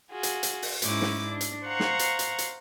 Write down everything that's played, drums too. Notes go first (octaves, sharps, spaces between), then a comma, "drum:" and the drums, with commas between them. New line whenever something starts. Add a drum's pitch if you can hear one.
F4 F#4 G#4
drum: hi-hat
drum: hi-hat
drum: open hi-hat
G#2 G#3 C#4 E4 D6, drum: hi-hat
drum: snare
D4
drum: hi-hat
C5 F5 F#5 A#5 C#6
drum: snare
drum: hi-hat
drum: hi-hat
drum: hi-hat